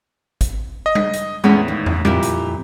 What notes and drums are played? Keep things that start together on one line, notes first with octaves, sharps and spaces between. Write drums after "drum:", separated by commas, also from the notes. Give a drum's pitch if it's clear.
drum: kick, hi-hat
D#5
drum: tom G3
drum: hi-hat
E2 A2 G#3 B3 C#4
D#2
drum: tom
F2 A#2 E4 G4, drum: tom G3
drum: hi-hat